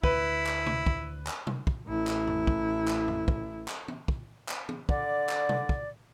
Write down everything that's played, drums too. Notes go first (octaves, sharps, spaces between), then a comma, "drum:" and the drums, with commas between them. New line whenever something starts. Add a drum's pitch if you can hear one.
D2 E4 B4, drum: kick
drum: clap
drum: tom B2
drum: kick
drum: clap
drum: tom B2
drum: kick
A1 E4
drum: clap
drum: tom F2
drum: kick
drum: clap
drum: tom F2
drum: kick
drum: clap
drum: tom E3
drum: kick
drum: clap
drum: tom E3
D3 D5, drum: kick
drum: clap
drum: tom B2
drum: kick